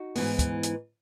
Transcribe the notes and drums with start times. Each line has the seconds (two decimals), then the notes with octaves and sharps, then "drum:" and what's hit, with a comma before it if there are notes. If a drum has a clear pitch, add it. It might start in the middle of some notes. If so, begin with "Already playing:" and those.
Already playing: D#4 F#4
0.15 G#2 E3 B3, drum: open hi-hat
0.39 drum: kick, hi-hat
0.63 drum: hi-hat